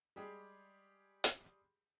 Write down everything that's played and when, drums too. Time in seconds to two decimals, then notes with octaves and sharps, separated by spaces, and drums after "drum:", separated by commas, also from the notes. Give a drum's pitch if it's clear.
0.16 G3 G#3 G4 G#4
1.24 drum: hi-hat